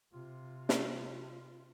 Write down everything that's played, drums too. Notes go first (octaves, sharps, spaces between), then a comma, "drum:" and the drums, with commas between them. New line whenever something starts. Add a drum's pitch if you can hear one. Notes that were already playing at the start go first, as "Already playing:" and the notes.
C3 F4
drum: snare